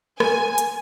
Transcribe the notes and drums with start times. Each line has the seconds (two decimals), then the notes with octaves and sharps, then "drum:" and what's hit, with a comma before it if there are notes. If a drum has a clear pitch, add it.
0.20 G#5, drum: rim click
0.58 drum: hi-hat